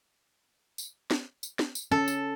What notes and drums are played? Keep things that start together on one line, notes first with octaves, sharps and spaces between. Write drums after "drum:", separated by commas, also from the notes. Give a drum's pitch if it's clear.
drum: tambourine
drum: snare
drum: tambourine
drum: snare
drum: tambourine
C#4 A4
drum: tambourine